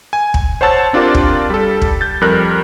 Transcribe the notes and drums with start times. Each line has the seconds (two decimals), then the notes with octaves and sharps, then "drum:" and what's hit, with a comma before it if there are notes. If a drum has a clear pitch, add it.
0.13 G#5
0.34 drum: kick
0.61 C5 C#5 F#5 A5 E6 A6
0.93 C4 D4 F4 G4 A#4 D5
1.14 drum: kick
1.50 G3 A4
1.82 drum: kick
2.01 G6 A6
2.21 F2 G3 A#4 F#6